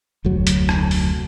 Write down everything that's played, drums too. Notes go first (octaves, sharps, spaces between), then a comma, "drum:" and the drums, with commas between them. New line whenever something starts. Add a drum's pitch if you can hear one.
F1 D2 F#3
drum: hi-hat
drum: rim click
drum: open hi-hat